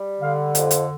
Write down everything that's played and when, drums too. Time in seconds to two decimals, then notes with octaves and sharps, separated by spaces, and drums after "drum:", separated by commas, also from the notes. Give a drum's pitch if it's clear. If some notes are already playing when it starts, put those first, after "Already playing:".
Already playing: G3
0.20 D3 F5
0.55 F2, drum: hi-hat
0.71 drum: hi-hat